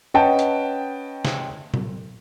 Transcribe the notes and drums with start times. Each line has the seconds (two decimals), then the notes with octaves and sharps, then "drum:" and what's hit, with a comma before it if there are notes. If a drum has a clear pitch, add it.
0.14 C#4 B4 D#5 F#5 G5 A5
0.39 drum: hi-hat
1.25 drum: snare
1.74 drum: tom